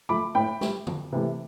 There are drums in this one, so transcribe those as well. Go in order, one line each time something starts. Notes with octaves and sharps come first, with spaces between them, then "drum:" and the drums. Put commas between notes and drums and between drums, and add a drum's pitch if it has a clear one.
F3 A3 B5 D6
A2 G5 B5
G3, drum: snare A3
F2, drum: tom D3
C3 E3 A3